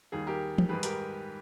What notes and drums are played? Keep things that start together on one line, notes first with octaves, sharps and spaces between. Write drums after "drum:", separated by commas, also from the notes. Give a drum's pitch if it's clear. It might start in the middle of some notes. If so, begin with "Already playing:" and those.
D#2 D#3 G3 G#4
G4 A#4
drum: tom E3
G#2 D#3 G3 G#4 B4
G4 A#4, drum: hi-hat